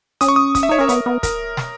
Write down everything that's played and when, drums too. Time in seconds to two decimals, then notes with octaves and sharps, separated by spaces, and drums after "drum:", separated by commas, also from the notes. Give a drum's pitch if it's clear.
0.21 C#4 D#6, drum: hi-hat
0.28 C#6
0.36 D#6
0.55 D#6, drum: kick, hi-hat
0.63 E5
0.69 D#4 C#5
0.79 C#4 A#4
0.89 B3, drum: hi-hat
1.06 B3
1.23 A#4, drum: kick, hi-hat
1.57 drum: snare